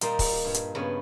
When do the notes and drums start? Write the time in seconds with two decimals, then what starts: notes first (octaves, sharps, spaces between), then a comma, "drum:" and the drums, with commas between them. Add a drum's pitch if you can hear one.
0.01 A#2 G3 A#3 D#4, drum: hi-hat
0.19 drum: kick, open hi-hat
0.45 G2
0.54 drum: hi-hat
0.75 G2 C#3 B3